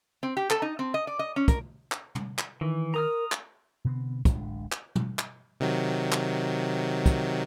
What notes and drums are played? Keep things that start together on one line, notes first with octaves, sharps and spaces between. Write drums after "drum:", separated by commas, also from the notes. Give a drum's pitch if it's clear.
C4
G4
A4, drum: clap
D#4
C4
D#5
D5
D#5
C#4
A#4, drum: kick, hi-hat
drum: clap
drum: tom
drum: clap
D#3 E3
A#4 A#5 D#6 F6
drum: clap
B2 D3 B3 C4
D1 A1 G#3 D4, drum: kick, hi-hat
drum: clap
drum: tom
drum: clap
C3 D#3 F#3
drum: clap
drum: kick, hi-hat